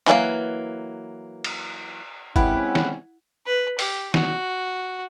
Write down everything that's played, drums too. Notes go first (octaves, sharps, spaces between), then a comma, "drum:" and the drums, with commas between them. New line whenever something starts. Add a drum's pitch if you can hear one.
E3 F#3 A3 A#3, drum: clap
drum: cymbal
G#3 C4 C#4 E4 G4 B4 F#5, drum: kick G1
drum: snare
B4
G4, drum: open hi-hat
F#4, drum: snare